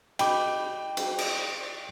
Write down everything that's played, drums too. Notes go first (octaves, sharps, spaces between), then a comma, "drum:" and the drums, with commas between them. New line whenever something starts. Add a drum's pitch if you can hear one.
D#5 G5 B5 D6, drum: cymbal
drum: cymbal
drum: cymbal